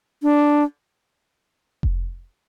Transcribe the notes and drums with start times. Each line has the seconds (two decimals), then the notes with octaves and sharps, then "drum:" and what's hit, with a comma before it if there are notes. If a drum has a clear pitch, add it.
0.23 D4
1.83 drum: kick F1